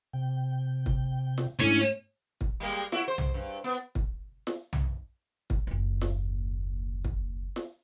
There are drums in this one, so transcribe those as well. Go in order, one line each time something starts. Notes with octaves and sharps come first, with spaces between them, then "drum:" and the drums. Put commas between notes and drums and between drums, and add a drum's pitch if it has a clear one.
C3 G5
drum: kick
drum: snare
G#2 A3 C#4 D4 E4 C#5
drum: kick
G3 G#3 A#3
E4 F#4, drum: snare
C5
drum: tom
G2
B3
drum: kick
drum: snare
drum: tom
drum: kick
F#1 D#2
drum: snare
drum: kick
drum: snare